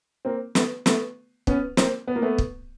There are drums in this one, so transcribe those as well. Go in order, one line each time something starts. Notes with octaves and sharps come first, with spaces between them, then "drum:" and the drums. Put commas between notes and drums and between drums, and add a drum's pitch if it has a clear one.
A#3 C4
A3 B3, drum: snare
A3 B3, drum: snare
B3 C#4, drum: kick
A#3 C4, drum: snare
B3
A#3
A3 B3
drum: kick